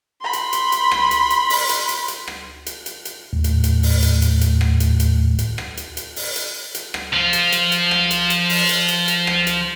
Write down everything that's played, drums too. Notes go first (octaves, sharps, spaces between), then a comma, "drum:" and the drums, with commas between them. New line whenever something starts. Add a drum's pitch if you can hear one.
B5 C6
drum: hi-hat
drum: hi-hat
drum: hi-hat
drum: rim click
drum: hi-hat
drum: hi-hat
drum: open hi-hat
drum: hi-hat
drum: hi-hat
drum: hi-hat
drum: rim click
drum: hi-hat
drum: hi-hat
drum: hi-hat
D#2 A2
drum: hi-hat
drum: hi-hat
drum: open hi-hat
drum: hi-hat
drum: hi-hat
drum: hi-hat
drum: rim click
drum: hi-hat
drum: hi-hat
drum: hi-hat
drum: rim click
drum: hi-hat
drum: hi-hat
drum: open hi-hat
drum: hi-hat
drum: hi-hat
drum: rim click
F3 F4
drum: hi-hat
drum: hi-hat
drum: hi-hat
drum: rim click
drum: hi-hat
drum: hi-hat
drum: open hi-hat
drum: hi-hat
drum: hi-hat
drum: hi-hat
drum: rim click
drum: hi-hat